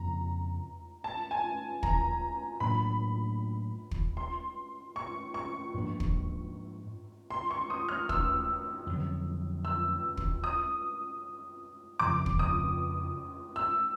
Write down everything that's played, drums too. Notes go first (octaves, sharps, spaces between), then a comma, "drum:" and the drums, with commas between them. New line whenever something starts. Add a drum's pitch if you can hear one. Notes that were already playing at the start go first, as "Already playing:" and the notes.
Already playing: F2 C#3 F3 A#3 A#5
A5
G#5
A#5, drum: kick
A2 F#3 A#3 D4 B5
drum: kick
C6
C#6
C#6
G#2 F3 A#3 D4
drum: kick
C6
C#6
D#6
F6
E6, drum: kick
F2 D3 F#3
E6
drum: kick
D#6
F2 C#3 F3 D6
drum: kick
D#6
E6